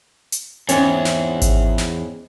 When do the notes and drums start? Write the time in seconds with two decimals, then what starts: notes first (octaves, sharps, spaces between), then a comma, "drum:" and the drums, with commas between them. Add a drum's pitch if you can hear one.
0.32 drum: hi-hat
0.69 E2 G#2 C4 C#4, drum: hi-hat
1.05 drum: snare
1.42 drum: kick G#1, hi-hat
1.78 drum: snare